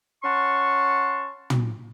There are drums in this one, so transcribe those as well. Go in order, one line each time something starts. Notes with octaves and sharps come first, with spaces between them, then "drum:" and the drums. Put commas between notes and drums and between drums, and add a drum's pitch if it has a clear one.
C#4 F#5 A5 C6 C#6
drum: tom